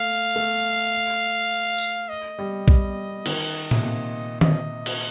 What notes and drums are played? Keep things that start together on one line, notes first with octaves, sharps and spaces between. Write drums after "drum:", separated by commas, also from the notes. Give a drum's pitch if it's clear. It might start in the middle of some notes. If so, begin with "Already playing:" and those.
Already playing: A3 F5
A3
drum: tambourine
D#5
G3
G3, drum: kick A#1
D#3, drum: cymbal
C3, drum: tom A2
A#2
D#5, drum: tom D#3
drum: cymbal